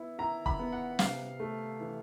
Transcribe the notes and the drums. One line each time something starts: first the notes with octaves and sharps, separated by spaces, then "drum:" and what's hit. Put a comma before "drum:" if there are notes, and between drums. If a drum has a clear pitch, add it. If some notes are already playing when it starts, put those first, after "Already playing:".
Already playing: B3 E4
E4 A#5
B5, drum: kick
B3
F#5
C3 F5, drum: snare
A3
E3